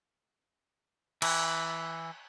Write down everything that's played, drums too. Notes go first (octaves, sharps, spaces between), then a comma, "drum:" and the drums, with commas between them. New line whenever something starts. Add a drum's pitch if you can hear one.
E3, drum: cymbal